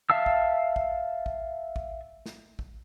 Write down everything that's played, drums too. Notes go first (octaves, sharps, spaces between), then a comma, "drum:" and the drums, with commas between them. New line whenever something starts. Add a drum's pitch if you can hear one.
E5 F5 A5 E6
drum: kick
drum: kick
drum: kick
drum: kick
drum: snare
drum: kick